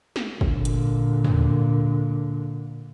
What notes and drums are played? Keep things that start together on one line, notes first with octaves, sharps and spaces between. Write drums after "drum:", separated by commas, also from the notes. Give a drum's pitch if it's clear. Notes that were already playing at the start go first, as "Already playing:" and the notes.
drum: snare
A#2 D3, drum: kick
drum: hi-hat
drum: tom